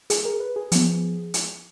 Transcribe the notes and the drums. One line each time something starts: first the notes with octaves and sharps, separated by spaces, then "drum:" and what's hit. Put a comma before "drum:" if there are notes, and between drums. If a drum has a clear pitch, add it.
G#4, drum: hi-hat
A#4
B4
G#4
F3 B3, drum: hi-hat
drum: hi-hat